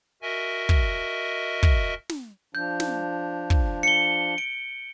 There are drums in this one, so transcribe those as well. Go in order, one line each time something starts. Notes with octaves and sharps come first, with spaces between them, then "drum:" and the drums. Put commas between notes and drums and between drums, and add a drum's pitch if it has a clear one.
F#4 A#4 D#5 E5 G#5
drum: kick
drum: kick
drum: snare
F3 D4 G6
drum: snare
drum: kick
C#7 G7
D7